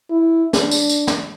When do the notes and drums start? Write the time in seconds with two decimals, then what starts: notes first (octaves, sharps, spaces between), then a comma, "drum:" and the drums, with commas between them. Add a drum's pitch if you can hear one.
0.11 E4
0.53 D4, drum: snare
0.71 drum: tambourine
0.89 drum: tambourine
1.07 drum: snare